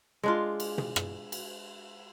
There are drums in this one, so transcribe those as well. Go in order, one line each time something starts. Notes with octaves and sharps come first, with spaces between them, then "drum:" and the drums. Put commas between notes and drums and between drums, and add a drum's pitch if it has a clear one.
G#3 D4 F4
drum: cymbal
drum: tom
drum: rim click
drum: cymbal